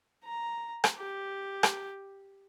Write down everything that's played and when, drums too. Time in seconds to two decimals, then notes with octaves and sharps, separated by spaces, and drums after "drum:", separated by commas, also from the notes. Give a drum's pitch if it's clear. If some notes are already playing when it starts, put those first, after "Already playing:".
0.24 A#5
0.84 drum: rim click
0.97 G4
1.63 drum: rim click